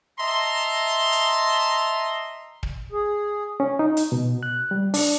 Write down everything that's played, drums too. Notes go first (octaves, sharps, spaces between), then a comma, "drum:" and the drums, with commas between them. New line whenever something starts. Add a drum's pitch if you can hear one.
D#5 E5 A5 A#5 C6
drum: hi-hat
drum: kick
G#4
C#4
D#4
drum: hi-hat
B2
F#6
G3
D4, drum: open hi-hat